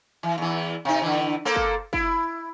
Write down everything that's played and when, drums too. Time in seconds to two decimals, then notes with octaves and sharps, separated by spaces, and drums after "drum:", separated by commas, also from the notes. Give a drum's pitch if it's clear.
0.23 E3
0.38 E2 E3
0.85 C3 D#4
1.02 D3 E3
1.45 A#3 A4 C5
1.56 drum: kick
1.93 E4, drum: kick